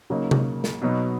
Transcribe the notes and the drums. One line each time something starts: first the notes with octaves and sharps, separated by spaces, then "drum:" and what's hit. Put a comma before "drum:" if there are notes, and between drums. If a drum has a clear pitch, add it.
C#3 F#3 A#3 D#4
drum: tom C3
drum: snare
B2 F#3 B3 D#4